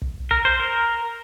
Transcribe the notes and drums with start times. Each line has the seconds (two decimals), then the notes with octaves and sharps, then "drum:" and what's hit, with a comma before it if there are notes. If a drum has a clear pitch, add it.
0.02 drum: kick
0.31 A#4, drum: kick
0.45 C5
0.60 A#4